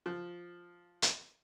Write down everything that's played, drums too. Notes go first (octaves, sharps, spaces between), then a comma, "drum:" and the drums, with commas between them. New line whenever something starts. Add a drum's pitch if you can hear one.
F3
drum: hi-hat